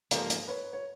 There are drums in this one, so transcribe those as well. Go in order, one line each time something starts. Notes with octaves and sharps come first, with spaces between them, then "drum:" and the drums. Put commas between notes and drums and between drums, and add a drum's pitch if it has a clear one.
G#2 F3 A#3 G4 A4, drum: hi-hat
drum: hi-hat
B4 C#5
C#5